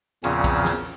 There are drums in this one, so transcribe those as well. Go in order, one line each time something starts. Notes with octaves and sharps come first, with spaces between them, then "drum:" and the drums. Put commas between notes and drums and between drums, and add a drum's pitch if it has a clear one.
E2 A#2 C#3 F3 C4 C#4, drum: cymbal
drum: kick, cymbal
drum: snare